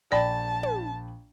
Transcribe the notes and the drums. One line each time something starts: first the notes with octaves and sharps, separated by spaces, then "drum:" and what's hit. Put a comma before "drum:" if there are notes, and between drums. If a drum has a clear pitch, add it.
A#1 D5 G5 A5 B5
drum: tom